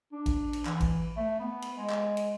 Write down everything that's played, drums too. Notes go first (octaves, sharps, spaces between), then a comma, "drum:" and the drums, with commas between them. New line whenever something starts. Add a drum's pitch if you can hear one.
D4
drum: kick A1, cymbal
drum: cymbal
E3, drum: clap
drum: kick A1, cymbal
A3
B3
drum: cymbal
G#3
drum: clap
drum: cymbal